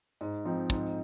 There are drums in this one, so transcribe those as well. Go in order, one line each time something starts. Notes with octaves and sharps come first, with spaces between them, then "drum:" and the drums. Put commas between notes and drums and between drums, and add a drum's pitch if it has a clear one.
G#2, drum: tambourine
F3 C4 D#4
G#2, drum: kick, tambourine
drum: tambourine